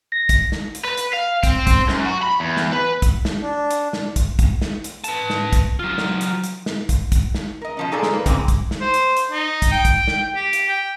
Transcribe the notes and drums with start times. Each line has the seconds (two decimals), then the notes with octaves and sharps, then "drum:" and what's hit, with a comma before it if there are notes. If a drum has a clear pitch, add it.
0.12 A#6
0.29 drum: kick, hi-hat
0.52 drum: snare
0.75 drum: hi-hat
0.85 B4
0.98 drum: hi-hat
1.13 F5
1.43 C4, drum: kick, hi-hat
1.67 C4, drum: kick, hi-hat
1.89 F#2, drum: snare
2.06 F#4
2.23 B5
2.40 E2
2.57 drum: snare
2.73 B4
3.02 drum: kick, hi-hat
3.25 drum: snare
3.42 D4
3.71 drum: hi-hat
3.93 drum: snare
4.16 drum: kick, hi-hat
4.39 drum: kick, hi-hat
4.62 drum: snare
4.84 drum: hi-hat
5.04 B4 A5, drum: hi-hat
5.30 drum: snare
5.53 drum: kick, hi-hat
5.79 F#3 F4
5.98 drum: snare
6.21 drum: hi-hat
6.44 drum: hi-hat
6.66 drum: snare
6.89 drum: kick, hi-hat
7.12 drum: kick, hi-hat
7.35 drum: snare
7.61 A#4 D#5
7.77 B2 F3 C#4
7.92 D#4 F4 G#4 A4 D5
8.03 drum: snare
8.13 A#3 B4
8.26 C#3 E3 G#3 A#3 C4, drum: kick, hi-hat
8.48 drum: kick, hi-hat
8.71 drum: snare
8.81 C5
8.94 drum: hi-hat
9.17 drum: hi-hat
9.31 D#4
9.62 drum: kick, hi-hat
9.72 G5
9.85 drum: kick, hi-hat
10.08 drum: snare
10.35 G4
10.53 drum: hi-hat
10.69 G5